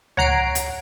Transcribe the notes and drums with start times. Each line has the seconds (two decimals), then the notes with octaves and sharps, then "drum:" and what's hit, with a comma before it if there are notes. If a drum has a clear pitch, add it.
0.17 C#5 F#5 A#5 C7 D7, drum: tom C#2
0.55 drum: hi-hat